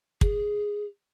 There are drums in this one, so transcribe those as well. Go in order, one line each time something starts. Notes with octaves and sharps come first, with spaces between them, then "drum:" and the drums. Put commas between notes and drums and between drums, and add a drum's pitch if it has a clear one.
G#4, drum: kick